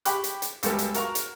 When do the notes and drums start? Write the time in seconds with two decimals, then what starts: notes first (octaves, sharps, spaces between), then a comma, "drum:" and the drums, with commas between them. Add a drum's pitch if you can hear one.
0.05 G4 B5 C#6 D6 F#6, drum: hi-hat
0.24 drum: hi-hat
0.42 drum: hi-hat
0.63 C#2 F#2 F#3 G3 B3 A4, drum: hi-hat
0.79 drum: hi-hat
0.94 F#4 A#4 F5 A#5 C#6, drum: hi-hat
1.15 drum: hi-hat